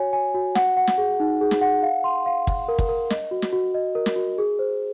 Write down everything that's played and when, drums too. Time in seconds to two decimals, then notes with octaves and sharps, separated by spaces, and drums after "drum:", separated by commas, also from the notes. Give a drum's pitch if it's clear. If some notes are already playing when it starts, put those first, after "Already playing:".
Already playing: F#4 C#5 G#5
0.13 G#5
0.35 F#4
0.55 F#5, drum: snare
0.77 F#5
0.87 drum: snare
0.98 G#4
1.20 D#4
1.41 G#4
1.51 drum: snare
1.61 F#5
1.83 F5
2.04 C6
2.26 F5
2.47 F5, drum: kick
2.68 A#4
2.79 drum: kick
2.89 A#4
3.10 D#5, drum: snare
3.31 F#4
3.42 drum: snare
3.53 F#4
3.74 D#5
3.95 A#4
4.06 drum: snare
4.16 F#4
4.38 G#4
4.59 C5